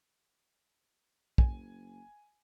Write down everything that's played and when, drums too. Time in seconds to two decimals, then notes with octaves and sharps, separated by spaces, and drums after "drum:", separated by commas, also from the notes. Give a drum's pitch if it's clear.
1.38 F#1 G#5, drum: kick